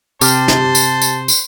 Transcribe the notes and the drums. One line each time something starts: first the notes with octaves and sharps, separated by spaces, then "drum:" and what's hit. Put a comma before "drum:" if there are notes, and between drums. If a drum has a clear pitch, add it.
C3 G4 C5 A5 F6, drum: tambourine
drum: snare
drum: tambourine
drum: tambourine
drum: tambourine